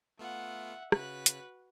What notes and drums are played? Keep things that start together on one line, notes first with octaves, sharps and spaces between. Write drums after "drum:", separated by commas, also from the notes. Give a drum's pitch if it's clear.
A3 B3 F4 E5 F#5
C#3 F#4 B4 F#6 B6, drum: rim click
drum: hi-hat